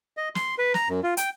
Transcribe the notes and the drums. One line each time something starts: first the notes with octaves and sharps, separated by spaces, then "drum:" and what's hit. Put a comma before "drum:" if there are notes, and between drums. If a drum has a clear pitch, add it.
D#5
C6, drum: snare
B4
A#5, drum: snare
F#2
F4
G5, drum: hi-hat